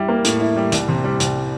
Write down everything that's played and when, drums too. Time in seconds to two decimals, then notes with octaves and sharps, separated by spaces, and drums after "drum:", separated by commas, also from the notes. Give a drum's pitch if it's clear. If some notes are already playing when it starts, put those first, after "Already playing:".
Already playing: G3 E4
0.08 A#3
0.24 A2, drum: hi-hat
0.40 E4
0.57 G3
0.72 C2, drum: hi-hat
0.88 C3
1.04 G3
1.20 C2, drum: hi-hat